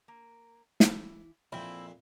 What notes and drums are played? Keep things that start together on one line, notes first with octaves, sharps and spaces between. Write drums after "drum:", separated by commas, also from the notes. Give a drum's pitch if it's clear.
A#3
E3 E4, drum: snare
F2 A#2 C4 E4 G5